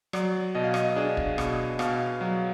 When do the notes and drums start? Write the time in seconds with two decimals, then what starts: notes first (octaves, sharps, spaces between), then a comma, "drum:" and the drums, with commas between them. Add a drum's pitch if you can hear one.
0.13 F#3 D5, drum: rim click
0.55 B2 D#5
0.64 F5
0.74 D#5, drum: rim click
0.96 D4 G#4
1.17 drum: kick
1.38 B2, drum: rim click
1.79 B2 F5, drum: rim click
2.21 F#3